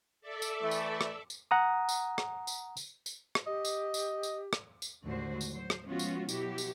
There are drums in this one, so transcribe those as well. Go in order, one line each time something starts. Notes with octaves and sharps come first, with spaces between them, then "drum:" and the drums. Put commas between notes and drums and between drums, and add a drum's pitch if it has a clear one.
A4 D5 E5
drum: tambourine
E3 A3
drum: tambourine
drum: rim click
drum: tambourine
F#5 A#5 D#6
drum: tambourine
drum: rim click
drum: tambourine
drum: tambourine
drum: tambourine
drum: rim click
G4 D#5
drum: tambourine
drum: tambourine
drum: tambourine
drum: rim click
drum: tambourine
D#2 A2 D3 G#3 F#4 C5
drum: tambourine
F#3 C5
drum: rim click
F3 G#3 B3 C#4 F4 F#4
drum: tambourine
B2 F#3 E4 F#4 G4, drum: tambourine
drum: tambourine